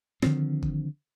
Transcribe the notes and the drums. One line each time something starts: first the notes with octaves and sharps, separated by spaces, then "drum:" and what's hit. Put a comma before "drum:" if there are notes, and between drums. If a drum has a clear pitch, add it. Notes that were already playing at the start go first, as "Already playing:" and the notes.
D3 D#3 F3 C4, drum: snare
drum: kick G1